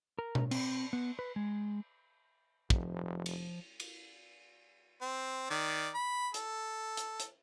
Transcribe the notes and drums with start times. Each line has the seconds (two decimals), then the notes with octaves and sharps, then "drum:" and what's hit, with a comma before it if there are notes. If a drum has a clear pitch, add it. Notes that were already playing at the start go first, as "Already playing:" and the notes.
0.19 A#4
0.35 drum: tom B2
0.51 C4, drum: cymbal
0.93 B3
1.19 B4
1.36 G#3
2.70 F1 F3, drum: kick
3.26 drum: cymbal
3.80 drum: cymbal
5.01 C4
5.50 D#3 D5
5.94 B5
6.34 A4, drum: hi-hat
6.97 drum: hi-hat
7.20 drum: hi-hat